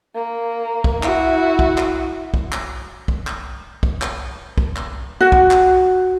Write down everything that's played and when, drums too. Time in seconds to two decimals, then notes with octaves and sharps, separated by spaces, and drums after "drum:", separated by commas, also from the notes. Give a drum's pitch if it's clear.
0.15 A#3
0.84 drum: kick
1.03 E4 F#4, drum: clap
1.59 drum: kick
1.78 drum: clap
2.34 drum: kick
2.52 drum: clap
3.08 drum: kick
3.27 drum: clap
3.83 drum: kick
4.02 drum: clap
4.58 drum: kick
4.76 drum: clap
5.21 F#4
5.32 drum: kick
5.51 drum: clap